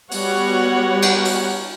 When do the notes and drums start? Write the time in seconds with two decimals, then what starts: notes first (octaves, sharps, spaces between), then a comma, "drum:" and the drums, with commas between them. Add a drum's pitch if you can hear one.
0.11 G3 B3 F#4 C#5 F#5, drum: open hi-hat
1.02 drum: cymbal
1.25 drum: open hi-hat